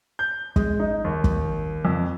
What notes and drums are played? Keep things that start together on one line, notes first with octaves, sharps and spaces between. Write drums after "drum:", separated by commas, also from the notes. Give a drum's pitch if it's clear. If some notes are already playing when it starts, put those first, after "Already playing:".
G6
G#3, drum: kick
D#4
D#2
drum: kick
F2